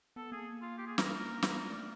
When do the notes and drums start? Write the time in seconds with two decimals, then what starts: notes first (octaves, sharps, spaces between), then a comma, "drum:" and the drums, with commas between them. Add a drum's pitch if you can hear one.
0.16 B3 A4
0.32 A#3 G#4
0.62 F4
0.78 G4
0.87 G#4
0.98 A#4, drum: snare
1.08 A#3 A#4
1.43 B3, drum: snare
1.56 A#3
1.69 A3 D5